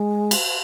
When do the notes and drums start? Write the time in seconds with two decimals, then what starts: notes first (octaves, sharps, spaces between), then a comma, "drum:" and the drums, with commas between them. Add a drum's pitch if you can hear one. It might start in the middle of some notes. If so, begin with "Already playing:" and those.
Already playing: G#3
0.31 drum: cymbal